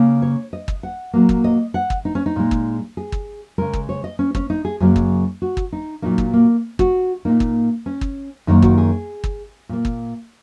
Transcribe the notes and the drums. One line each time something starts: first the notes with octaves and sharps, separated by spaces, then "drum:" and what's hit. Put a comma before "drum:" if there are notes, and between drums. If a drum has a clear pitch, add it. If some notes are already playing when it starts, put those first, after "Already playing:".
Already playing: C#3 A#3
C#5
D#5
drum: kick
F#5
A#2 F#3 A#3
drum: kick
D#5
F#5
drum: kick
D#4
C#4
D#4
A#2 G#3
drum: kick
G#4
drum: kick
C#3 G#3 A#4
drum: kick
C#5
D#5
C#4
C#4, drum: kick
D#4
G#4
F#2 C#3 F#3 A#3 G#4
drum: kick
F#4
drum: kick
D#4
A#2 F#3 A#3 D#4
drum: kick
A#3
F#4, drum: kick
A#2 A#3 D#4
drum: kick
C#4
drum: kick
F#2 D#3 A#3 D#4
F#4, drum: kick
G#4
drum: kick
A#2 A#3
drum: kick